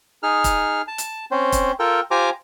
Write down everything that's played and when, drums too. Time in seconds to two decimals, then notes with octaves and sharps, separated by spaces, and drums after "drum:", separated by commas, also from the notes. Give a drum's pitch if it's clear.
0.23 D#4 G#4 F6
0.44 drum: kick, hi-hat
0.88 A5
0.98 drum: hi-hat
1.31 C4 C#4 C5
1.52 drum: kick, hi-hat
1.79 F4 A4 A#4 G5
2.11 F4 G4 C5 G#5 A#5 D6